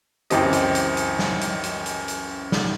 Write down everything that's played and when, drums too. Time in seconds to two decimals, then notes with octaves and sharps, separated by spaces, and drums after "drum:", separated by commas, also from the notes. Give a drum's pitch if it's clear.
0.30 C#2 F#2 E3 C4 G4 D#5, drum: hi-hat
0.53 drum: hi-hat
0.75 drum: hi-hat
0.97 drum: hi-hat
1.19 drum: snare
1.41 drum: hi-hat
1.64 drum: hi-hat
1.86 drum: hi-hat
2.08 drum: hi-hat
2.52 drum: snare